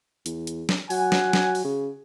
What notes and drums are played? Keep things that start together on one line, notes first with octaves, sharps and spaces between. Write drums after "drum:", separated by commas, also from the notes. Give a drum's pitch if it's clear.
E2, drum: hi-hat
drum: hi-hat
drum: snare
F#3 F#5 G#5, drum: open hi-hat
drum: snare
drum: snare
drum: open hi-hat
C#3